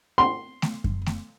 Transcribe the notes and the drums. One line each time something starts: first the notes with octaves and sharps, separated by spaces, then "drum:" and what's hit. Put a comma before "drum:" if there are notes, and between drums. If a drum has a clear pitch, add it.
C6
drum: snare A3
drum: kick F#2
drum: snare A3